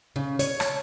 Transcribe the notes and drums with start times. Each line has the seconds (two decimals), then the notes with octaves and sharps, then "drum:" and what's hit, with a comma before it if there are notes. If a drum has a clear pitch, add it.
0.16 C#3
0.39 C#5, drum: hi-hat
0.60 drum: rim click